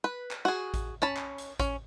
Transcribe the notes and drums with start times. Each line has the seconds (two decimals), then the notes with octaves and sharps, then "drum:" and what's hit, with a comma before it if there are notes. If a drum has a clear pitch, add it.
0.04 B4
0.31 drum: clap
0.45 F#4 G#4
0.74 drum: kick A1, hi-hat
1.02 C#4 A5 B5
1.17 drum: clap
1.38 drum: hi-hat
1.60 C#4, drum: kick A1, hi-hat